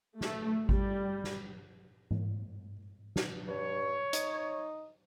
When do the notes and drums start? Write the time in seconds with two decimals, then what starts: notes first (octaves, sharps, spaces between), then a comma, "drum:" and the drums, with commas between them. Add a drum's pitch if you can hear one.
0.21 A3, drum: snare
0.69 G3, drum: kick G#1
1.24 drum: snare
2.11 drum: tom G#2
3.16 drum: snare
3.48 G2 C#5
4.13 D#4, drum: hi-hat